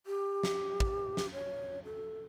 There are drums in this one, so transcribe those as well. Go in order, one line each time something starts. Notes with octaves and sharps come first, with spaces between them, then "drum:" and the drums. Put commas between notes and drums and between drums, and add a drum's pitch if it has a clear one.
G4
drum: snare
drum: kick
drum: snare
C#5
A4